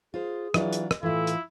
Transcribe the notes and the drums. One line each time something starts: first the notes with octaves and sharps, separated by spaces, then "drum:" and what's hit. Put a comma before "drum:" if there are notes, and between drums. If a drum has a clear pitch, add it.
F4 G#4 C5
E3 F#3 D4 F4, drum: rim click
drum: hi-hat
drum: rim click
A2 E3 E4 F4 A4
drum: hi-hat